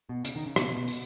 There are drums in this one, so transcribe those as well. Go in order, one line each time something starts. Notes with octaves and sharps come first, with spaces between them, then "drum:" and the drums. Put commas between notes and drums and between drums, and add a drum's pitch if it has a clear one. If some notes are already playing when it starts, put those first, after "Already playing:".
B2
C#3, drum: hi-hat
D#3
C#3
B2, drum: rim click
B2
B2
drum: open hi-hat